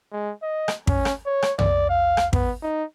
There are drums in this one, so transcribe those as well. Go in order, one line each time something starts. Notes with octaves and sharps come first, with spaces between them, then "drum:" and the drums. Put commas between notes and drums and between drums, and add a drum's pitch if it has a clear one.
G#3
D#5
drum: rim click
C#4, drum: kick
drum: rim click
C#5
drum: rim click
D5, drum: tom
F5
drum: rim click
B3, drum: kick
D#4